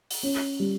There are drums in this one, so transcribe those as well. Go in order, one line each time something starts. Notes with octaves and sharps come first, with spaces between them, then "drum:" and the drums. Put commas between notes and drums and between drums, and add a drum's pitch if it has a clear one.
drum: open hi-hat
C#4
G3